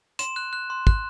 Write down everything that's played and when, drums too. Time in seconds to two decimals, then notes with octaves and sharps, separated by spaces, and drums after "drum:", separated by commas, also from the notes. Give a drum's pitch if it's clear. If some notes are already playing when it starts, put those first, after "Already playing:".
0.19 C6 E7, drum: hi-hat
0.36 F#6
0.53 F#6
0.70 C6
0.87 F#6, drum: kick